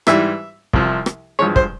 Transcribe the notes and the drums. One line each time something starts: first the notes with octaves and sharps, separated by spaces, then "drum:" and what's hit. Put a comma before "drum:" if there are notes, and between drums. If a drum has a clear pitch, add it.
G#2 E3 G3 E5, drum: rim click
C2 C3 F3, drum: kick
drum: rim click
G2 F3 G#3 C#5
C5, drum: kick